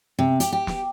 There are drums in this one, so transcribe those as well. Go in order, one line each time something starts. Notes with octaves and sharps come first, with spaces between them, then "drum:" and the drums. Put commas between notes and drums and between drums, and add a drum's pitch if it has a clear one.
C3
G4, drum: hi-hat
G4
drum: snare